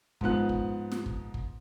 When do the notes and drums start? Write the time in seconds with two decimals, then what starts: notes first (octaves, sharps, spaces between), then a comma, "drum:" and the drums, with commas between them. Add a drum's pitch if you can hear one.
0.21 G#2 F3 B3 F#6, drum: kick
0.49 drum: kick
0.92 drum: snare
1.06 drum: kick
1.34 drum: kick